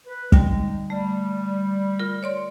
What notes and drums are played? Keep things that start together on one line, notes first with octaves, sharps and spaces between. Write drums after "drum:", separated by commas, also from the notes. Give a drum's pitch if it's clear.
B4
D3 G3 G#3 D#4, drum: kick
G3 A3
F4 A#4
C#5 D5 C6